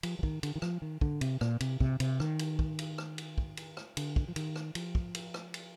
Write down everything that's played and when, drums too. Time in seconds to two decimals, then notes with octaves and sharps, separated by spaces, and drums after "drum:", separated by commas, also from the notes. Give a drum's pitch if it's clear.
0.03 F3, drum: cymbal
0.19 F3
0.23 D#3, drum: kick
0.43 D3, drum: cymbal
0.55 D#3
0.62 F3, drum: rim click
0.82 D#3
1.01 D3, drum: kick
1.21 C3, drum: cymbal
1.41 A#2, drum: rim click
1.60 C3, drum: cymbal
1.80 C3, drum: kick
2.00 C3, drum: cymbal
2.20 D#3, drum: rim click
2.39 drum: cymbal
2.59 drum: kick
2.79 drum: cymbal
2.98 drum: rim click
3.18 drum: cymbal
3.38 drum: kick
3.57 drum: cymbal
3.77 drum: rim click
3.97 D3, drum: cymbal
4.16 drum: kick
4.28 F3
4.36 D#3, drum: cymbal
4.56 drum: rim click
4.75 F3, drum: cymbal
4.95 drum: kick
5.15 drum: cymbal
5.34 drum: rim click
5.54 drum: cymbal